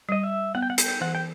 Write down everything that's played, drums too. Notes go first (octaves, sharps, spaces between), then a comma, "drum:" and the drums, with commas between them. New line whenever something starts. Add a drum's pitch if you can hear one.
G3 D#5
E5
B3 F#5
G5
F#5
G5, drum: hi-hat
E3 F#5
G5